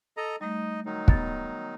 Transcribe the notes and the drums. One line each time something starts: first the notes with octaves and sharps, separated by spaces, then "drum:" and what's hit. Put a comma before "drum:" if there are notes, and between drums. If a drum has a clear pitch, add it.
A4 D#5 A#5
G3 A3 D#4 D#5
D#3 F#3 D#4
B3 A6, drum: kick